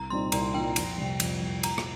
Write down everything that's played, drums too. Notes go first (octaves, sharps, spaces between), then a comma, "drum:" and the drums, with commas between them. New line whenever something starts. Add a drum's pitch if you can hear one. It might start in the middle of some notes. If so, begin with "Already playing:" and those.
Already playing: C2 A#5
A#2 G3 C4 D#4 C6
C2 A#5, drum: cymbal
A#2 G3 C4 D#4 G5
F2, drum: cymbal
C3 G3
F2, drum: cymbal
C3 G3
A#2 A#5, drum: cymbal
drum: rim click